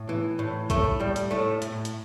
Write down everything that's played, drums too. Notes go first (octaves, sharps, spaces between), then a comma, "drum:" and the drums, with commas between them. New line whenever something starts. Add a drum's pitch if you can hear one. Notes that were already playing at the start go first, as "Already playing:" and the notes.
Already playing: A2
E3
A2
A2 A3, drum: kick, hi-hat
A2 G3
drum: hi-hat
A2 A3
A2, drum: hi-hat
drum: hi-hat